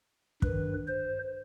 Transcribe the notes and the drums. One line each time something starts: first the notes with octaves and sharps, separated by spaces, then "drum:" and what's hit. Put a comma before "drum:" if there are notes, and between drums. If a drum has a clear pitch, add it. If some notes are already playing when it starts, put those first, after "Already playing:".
G2 D#3 B4, drum: kick
C5